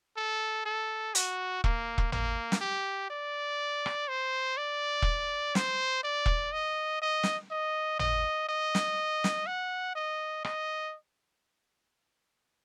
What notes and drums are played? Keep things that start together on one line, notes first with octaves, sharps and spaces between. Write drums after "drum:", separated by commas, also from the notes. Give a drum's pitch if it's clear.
A4
A4
F#4, drum: hi-hat
A#3, drum: kick E1
drum: kick E1
A#3, drum: tom
drum: snare
G4
D5
drum: rim click
C5
D5
drum: kick E1
C5, drum: snare
D5
drum: kick E1
D#5
D#5
drum: snare
D#5
D#5, drum: tom
D#5
drum: snare
drum: snare
F#5
D#5
D#5, drum: rim click